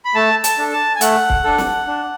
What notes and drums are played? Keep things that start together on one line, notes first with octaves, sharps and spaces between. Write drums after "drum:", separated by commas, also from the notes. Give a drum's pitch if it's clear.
B5
A3 A5
A5, drum: hi-hat
D4 A4
A5
G#5
A3 F#5, drum: hi-hat
drum: kick C#1
D4 A4
drum: snare
D4